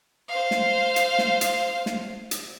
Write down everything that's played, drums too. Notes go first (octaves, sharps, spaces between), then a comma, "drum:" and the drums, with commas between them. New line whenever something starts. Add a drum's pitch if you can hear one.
C5 F5
drum: snare
drum: hi-hat
drum: snare
drum: hi-hat
drum: snare
drum: hi-hat